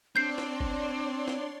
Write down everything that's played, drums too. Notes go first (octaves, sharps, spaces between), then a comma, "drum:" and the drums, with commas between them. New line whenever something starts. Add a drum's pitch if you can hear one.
C4 D4 C#5 D5 C6 G6 C7
drum: snare
drum: kick G1
drum: snare